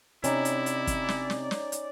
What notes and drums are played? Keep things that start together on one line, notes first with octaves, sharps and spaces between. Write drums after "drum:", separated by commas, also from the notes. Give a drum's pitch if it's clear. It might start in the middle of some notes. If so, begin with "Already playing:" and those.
C3 C#4 D#4 E4 D5, drum: hi-hat
drum: hi-hat
drum: hi-hat
drum: kick, hi-hat
drum: snare
drum: snare
drum: snare
drum: hi-hat